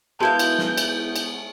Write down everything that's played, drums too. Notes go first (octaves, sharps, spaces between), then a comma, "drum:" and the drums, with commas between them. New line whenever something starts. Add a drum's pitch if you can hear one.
G#3 B3 E4 F#4 A#4 F5 A5 G6
drum: cymbal
drum: snare
drum: cymbal
drum: cymbal